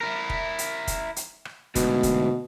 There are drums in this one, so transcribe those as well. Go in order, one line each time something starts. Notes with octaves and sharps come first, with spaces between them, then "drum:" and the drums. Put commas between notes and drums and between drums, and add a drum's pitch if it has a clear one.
E4 A#4
drum: kick
drum: hi-hat
drum: kick, hi-hat
drum: hi-hat
drum: rim click
D2 G#2 B2, drum: kick, hi-hat
drum: kick, hi-hat